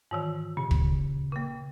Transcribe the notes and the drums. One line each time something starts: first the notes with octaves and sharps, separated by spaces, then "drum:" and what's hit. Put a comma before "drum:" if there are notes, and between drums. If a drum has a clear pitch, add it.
G#2 D#3 E3
A#2 C#3
drum: kick
C#3 A#3